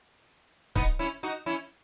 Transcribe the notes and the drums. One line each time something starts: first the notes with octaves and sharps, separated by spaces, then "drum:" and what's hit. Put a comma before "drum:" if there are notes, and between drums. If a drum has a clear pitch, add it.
B3 D#4, drum: kick
C#4 E4
D#4 F#4
C#4 E4